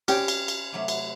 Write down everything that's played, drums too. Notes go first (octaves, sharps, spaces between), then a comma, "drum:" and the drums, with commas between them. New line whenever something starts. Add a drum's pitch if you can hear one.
C#4 G4 G5, drum: cymbal
drum: cymbal
drum: cymbal
C3 F#3 A3
drum: cymbal